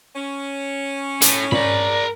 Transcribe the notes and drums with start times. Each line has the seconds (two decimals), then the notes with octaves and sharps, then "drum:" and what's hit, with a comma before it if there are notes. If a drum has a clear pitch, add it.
0.15 C#4
1.22 A2, drum: hi-hat
1.52 A#4 D5 B5, drum: tom